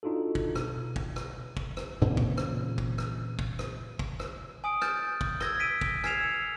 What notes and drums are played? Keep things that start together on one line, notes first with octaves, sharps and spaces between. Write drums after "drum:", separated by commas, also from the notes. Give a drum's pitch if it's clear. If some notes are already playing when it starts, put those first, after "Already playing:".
D4 D#4 F4 F#4 A4
drum: kick
B2, drum: rim click
drum: kick
drum: rim click
drum: kick
drum: rim click
A#2 C#3 E3 C4
drum: kick
drum: rim click
drum: kick
drum: rim click
drum: kick
drum: rim click
drum: kick
drum: rim click
G#5 D#6 D7
F6 G6 A6, drum: rim click
drum: kick
E6 G#6 A#6 G7, drum: rim click
B6 D7 D#7
drum: kick
G#5 F6 G#6 C7 E7 F7, drum: rim click
E6 C#7